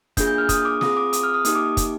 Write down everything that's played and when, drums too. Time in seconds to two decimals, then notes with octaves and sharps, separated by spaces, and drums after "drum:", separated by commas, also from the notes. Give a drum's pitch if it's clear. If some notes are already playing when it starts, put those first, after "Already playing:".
0.17 A#3 D4 F4 G#4 G6, drum: kick, hi-hat
0.28 G6
0.38 F6
0.49 D#6, drum: kick, hi-hat
0.65 D6
0.81 C4 F4 G#4 D#6, drum: snare
0.97 D6
1.13 D#6, drum: hi-hat
1.23 F6
1.34 D#6
1.45 A#3 D#4 G4 D#6, drum: hi-hat
1.55 D6
1.77 drum: kick, hi-hat